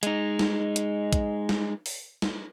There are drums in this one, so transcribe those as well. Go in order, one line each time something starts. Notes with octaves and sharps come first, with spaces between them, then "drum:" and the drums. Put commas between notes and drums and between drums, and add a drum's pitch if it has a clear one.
G#3 D#4, drum: hi-hat
drum: snare
drum: hi-hat
drum: kick, hi-hat
drum: snare
drum: open hi-hat
drum: snare